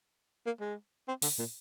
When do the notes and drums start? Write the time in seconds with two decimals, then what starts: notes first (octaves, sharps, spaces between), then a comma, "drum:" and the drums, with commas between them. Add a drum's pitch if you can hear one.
0.46 A#3
0.60 G#3
1.08 C4
1.22 D3, drum: open hi-hat
1.39 A#2